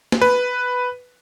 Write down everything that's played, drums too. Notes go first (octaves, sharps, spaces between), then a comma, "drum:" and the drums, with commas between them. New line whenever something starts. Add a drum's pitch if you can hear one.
drum: snare
B4